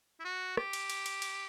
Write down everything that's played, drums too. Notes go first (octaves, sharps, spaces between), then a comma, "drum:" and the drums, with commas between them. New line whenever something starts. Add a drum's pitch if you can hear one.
E4
F#4
G4, drum: rim click
drum: cymbal
drum: cymbal
drum: cymbal
drum: cymbal